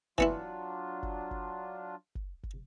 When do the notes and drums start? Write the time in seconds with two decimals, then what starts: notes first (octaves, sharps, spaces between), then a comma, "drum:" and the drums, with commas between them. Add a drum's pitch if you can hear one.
0.18 E3 F#3 B3 D4 E4 F4, drum: kick
1.03 drum: kick
1.31 drum: kick
2.15 drum: kick
2.43 drum: kick